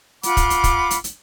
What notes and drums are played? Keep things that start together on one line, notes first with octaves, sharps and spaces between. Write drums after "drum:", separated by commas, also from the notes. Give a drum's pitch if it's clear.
F4 F#5 B5 D6, drum: hi-hat
drum: kick, hi-hat
drum: hi-hat
drum: kick, hi-hat
drum: hi-hat
drum: hi-hat